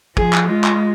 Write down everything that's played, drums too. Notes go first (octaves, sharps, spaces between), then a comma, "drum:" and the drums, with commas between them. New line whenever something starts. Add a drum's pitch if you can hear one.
F3 G#4, drum: kick
drum: clap
G#3 F4
drum: clap